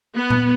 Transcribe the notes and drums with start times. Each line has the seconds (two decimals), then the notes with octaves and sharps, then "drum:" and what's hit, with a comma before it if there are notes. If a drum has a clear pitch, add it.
0.15 B3
0.30 drum: tom A#2